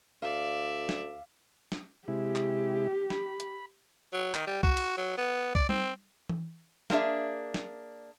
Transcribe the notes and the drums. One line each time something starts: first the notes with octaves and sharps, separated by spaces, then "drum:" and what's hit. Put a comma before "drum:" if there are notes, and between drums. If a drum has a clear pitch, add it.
D2 D5 E5 F5
drum: snare
drum: snare
C3 G#3 E4 G4
drum: clap
B5, drum: snare
drum: hi-hat
F#3
D#3, drum: clap
G3
F#4, drum: kick
drum: cymbal
F#3
B3
D5, drum: kick
C4, drum: tom G3
drum: tom E3
A#3 C4 D4 G#4 E5, drum: snare
drum: snare